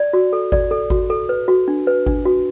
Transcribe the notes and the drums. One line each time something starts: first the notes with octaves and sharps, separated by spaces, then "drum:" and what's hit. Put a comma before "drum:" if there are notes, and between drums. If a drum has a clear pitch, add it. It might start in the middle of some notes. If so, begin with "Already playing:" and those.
Already playing: D5
F#4
A4
D5, drum: kick G#1
A4
F#4, drum: kick G#1
A4
B4
F#4
D4
B4
D4, drum: kick G#1
F#4